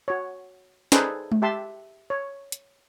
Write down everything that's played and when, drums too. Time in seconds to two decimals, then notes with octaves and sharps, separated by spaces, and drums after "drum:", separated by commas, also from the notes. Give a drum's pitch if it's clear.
0.08 F#4 C#5
0.92 D#4 G#4 A4 B4 C5 D5, drum: snare
1.32 drum: tom G#3
1.42 G4 E5 A5 C6
2.10 C#5
2.52 drum: hi-hat